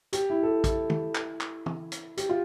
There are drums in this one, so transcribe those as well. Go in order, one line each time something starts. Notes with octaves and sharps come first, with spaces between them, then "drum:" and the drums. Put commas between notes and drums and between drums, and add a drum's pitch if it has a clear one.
G4, drum: hi-hat
E4
A4
G4
E4, drum: kick, hi-hat
drum: tom
drum: clap
drum: clap
drum: tom
drum: hi-hat
G4, drum: hi-hat
F4